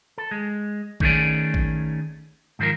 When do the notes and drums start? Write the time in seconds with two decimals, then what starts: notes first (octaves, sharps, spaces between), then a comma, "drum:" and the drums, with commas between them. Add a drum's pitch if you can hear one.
0.18 A4
0.31 G#3
1.00 D#3 A3 C#4 G#4 D5, drum: kick A1
1.54 drum: kick A1
2.59 G#2 D#3 F3 A4 A#4